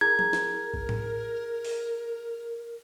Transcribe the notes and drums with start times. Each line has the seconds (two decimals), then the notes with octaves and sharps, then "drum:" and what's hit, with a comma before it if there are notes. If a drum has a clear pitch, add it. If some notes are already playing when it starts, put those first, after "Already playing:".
0.01 E4 G#4 A#4 A#5 G#6
0.19 drum: tom F3
0.33 drum: snare
0.74 drum: kick A1
0.89 drum: tom A2
1.64 drum: open hi-hat